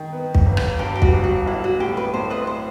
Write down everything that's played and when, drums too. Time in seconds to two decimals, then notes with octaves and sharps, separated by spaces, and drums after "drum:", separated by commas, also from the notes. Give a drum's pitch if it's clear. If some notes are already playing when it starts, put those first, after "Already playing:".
Already playing: D#3
0.13 B3
0.35 drum: kick
0.46 G1
0.57 drum: rim click
0.79 G2 G4
0.95 G4
1.02 F#4, drum: kick
1.13 G1
1.24 F#4
1.46 B1 E4
1.64 F#4
1.80 A2 G4
1.97 B4
2.14 A2 C5
2.30 B4 D#5
2.47 C5